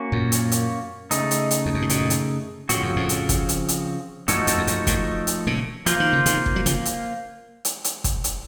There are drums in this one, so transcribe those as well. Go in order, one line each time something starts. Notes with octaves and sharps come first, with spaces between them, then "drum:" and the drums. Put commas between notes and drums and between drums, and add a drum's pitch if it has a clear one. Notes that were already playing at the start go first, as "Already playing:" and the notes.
Already playing: A#3 C#4 F#4
F#2 A#2
drum: hi-hat
drum: hi-hat
C#3 A3 D#4, drum: hi-hat
drum: hi-hat
drum: hi-hat
F2
F#2
A2
F#2 A#2, drum: hi-hat
drum: hi-hat
A2 C#3 F3 C4 F#4, drum: hi-hat
F#2
F2 A2
drum: hi-hat
drum: kick, hi-hat
drum: hi-hat
drum: hi-hat
F#2 F3 A3 D#4 F#4 A4, drum: hi-hat
F2, drum: hi-hat
F2
F#2, drum: hi-hat
F#2 A#2, drum: kick, hi-hat
drum: hi-hat
A#2 C#3
F3 A#3 F4 C5, drum: hi-hat
D#3
C#3
C3 D#3, drum: hi-hat
drum: kick
F#3
C#3 F3, drum: hi-hat
drum: hi-hat
drum: hi-hat
drum: hi-hat
drum: kick, hi-hat
drum: hi-hat